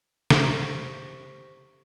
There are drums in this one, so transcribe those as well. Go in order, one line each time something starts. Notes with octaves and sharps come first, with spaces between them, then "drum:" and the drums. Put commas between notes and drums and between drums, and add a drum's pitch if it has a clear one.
G4 C5 C#6 A#6 B6, drum: snare